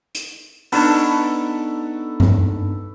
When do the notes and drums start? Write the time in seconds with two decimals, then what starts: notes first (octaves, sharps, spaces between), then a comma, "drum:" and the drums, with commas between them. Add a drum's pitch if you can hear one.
0.15 drum: hi-hat
0.72 B3 D4 D#4 A4 B4 C#6, drum: open hi-hat
2.20 drum: tom G2